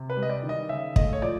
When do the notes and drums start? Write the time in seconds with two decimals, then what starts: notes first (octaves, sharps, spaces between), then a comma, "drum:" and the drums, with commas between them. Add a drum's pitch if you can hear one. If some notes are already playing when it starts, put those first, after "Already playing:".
Already playing: C3
0.10 B4
0.16 G3
0.23 D#5
0.29 D5
0.43 D#3
0.49 D#5
0.69 C#3 E5
0.96 A3 D#5, drum: kick
1.13 C#5
1.22 F3 D5